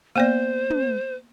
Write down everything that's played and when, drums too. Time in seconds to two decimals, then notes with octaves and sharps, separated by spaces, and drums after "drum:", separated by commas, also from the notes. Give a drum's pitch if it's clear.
0.16 A#3 B3 C5 D5
0.70 drum: tom